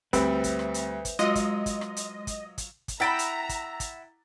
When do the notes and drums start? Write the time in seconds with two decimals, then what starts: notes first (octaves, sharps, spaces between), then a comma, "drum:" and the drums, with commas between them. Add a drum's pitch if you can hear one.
0.13 D2 G3 C4 B4 C5 E5 B5, drum: kick, hi-hat
0.44 drum: kick, hi-hat
0.59 drum: rim click
0.74 drum: hi-hat
1.05 drum: kick, hi-hat
1.19 F#3 G#3 F4 D#5
1.35 drum: kick, hi-hat
1.66 drum: kick, hi-hat
1.81 drum: rim click
1.97 drum: hi-hat
2.27 drum: kick, hi-hat
2.58 drum: kick, hi-hat
2.88 drum: kick, hi-hat
3.00 E4 E5 F#5 G5 A#5 B5 A6
3.19 drum: hi-hat
3.49 drum: kick, hi-hat
3.80 drum: kick, hi-hat